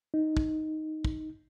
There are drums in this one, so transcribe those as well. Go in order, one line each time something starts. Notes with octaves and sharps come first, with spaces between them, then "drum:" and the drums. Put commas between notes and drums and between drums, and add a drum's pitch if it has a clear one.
D#4
drum: kick
drum: kick